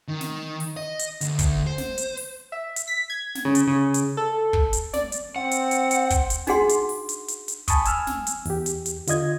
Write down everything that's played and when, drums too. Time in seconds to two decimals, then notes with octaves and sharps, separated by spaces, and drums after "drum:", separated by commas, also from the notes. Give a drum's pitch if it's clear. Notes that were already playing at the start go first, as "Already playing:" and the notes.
0.08 D#3
0.21 drum: snare
0.60 drum: open hi-hat
0.77 D#5
0.99 drum: hi-hat
1.21 D2, drum: hi-hat
1.39 drum: kick, hi-hat
1.67 C5
1.78 drum: snare
1.98 drum: hi-hat
2.17 drum: open hi-hat
2.52 E5
2.76 drum: hi-hat
2.88 B6
3.10 G#6
3.35 drum: snare
3.45 C#3
3.55 drum: hi-hat
3.67 C#3
3.94 drum: hi-hat
4.17 A4
4.53 drum: kick
4.73 drum: hi-hat
4.93 D5, drum: snare
5.12 drum: hi-hat
5.36 C4 F#5
5.51 drum: hi-hat
5.71 drum: hi-hat
5.91 drum: hi-hat
6.10 drum: kick, hi-hat
6.30 drum: hi-hat
6.47 D4 D#4 F#4 G#4 F#5 C6, drum: snare
6.69 drum: hi-hat
6.89 drum: open hi-hat
7.09 drum: hi-hat
7.28 drum: hi-hat
7.48 drum: hi-hat
7.68 G#5 A5 B5 C#6 D#6, drum: kick, hi-hat
7.85 G#5 E6 F6, drum: hi-hat
8.07 drum: snare
8.27 drum: hi-hat
8.45 E2 G4, drum: open hi-hat
8.66 drum: hi-hat
8.86 drum: hi-hat
9.07 D3 F4 D#5 G#6, drum: hi-hat